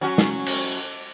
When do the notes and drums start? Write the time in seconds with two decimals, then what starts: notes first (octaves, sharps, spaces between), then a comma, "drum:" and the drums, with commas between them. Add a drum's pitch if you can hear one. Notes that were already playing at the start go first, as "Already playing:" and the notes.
0.01 F#3 C#4 F#4
0.18 drum: snare
0.47 drum: cymbal